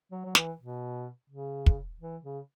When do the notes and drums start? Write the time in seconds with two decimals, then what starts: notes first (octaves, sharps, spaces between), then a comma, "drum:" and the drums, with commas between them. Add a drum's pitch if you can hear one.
0.11 F#3
0.25 F#3
0.35 E3, drum: snare
0.59 B2
1.30 C#3
1.66 drum: kick
2.00 E3
2.23 C#3